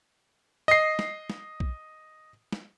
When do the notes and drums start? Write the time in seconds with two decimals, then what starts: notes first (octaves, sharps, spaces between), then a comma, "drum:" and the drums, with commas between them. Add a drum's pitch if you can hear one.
0.68 D#5 C7
0.99 drum: snare
1.30 drum: snare
1.60 drum: kick
2.53 drum: snare